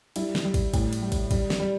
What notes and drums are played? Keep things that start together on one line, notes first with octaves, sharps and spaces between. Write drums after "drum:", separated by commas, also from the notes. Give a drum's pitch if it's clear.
G3 E4, drum: cymbal
drum: snare
G3
drum: kick, cymbal
A2, drum: kick, cymbal
drum: cymbal
G3
drum: kick, cymbal
G3, drum: kick, cymbal
drum: snare
G3